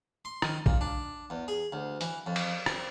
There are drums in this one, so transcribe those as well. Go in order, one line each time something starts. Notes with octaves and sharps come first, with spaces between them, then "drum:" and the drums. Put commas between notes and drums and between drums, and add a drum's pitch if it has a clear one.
C6
D#3, drum: rim click
A#2, drum: kick A#1
D4
E2
G#4
D2
E3, drum: hi-hat
F2
drum: cymbal
C4, drum: rim click